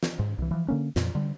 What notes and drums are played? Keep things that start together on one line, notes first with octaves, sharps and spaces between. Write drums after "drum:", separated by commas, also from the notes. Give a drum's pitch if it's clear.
drum: snare
G#2
C2 E3
E3 F3
D3 A#3 C#4
F2 A#2, drum: snare
D3 G3